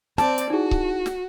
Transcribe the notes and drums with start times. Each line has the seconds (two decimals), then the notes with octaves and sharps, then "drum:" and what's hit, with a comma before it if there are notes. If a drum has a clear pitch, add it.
0.18 C4 D5 A5, drum: snare
0.38 drum: hi-hat
0.50 D#4 E4 F#4 G#4
0.71 drum: kick C#1
1.06 drum: snare